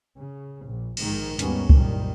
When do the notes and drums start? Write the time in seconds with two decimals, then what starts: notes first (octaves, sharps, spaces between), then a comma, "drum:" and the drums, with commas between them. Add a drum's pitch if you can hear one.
0.17 C#3
0.63 A#1
0.97 A#1 G#2 D#3, drum: cymbal
1.39 D#2 G#2 D#3 G3 B3 C#4, drum: hi-hat
1.70 F#1 C2 A#2 D#3 G3, drum: kick C#2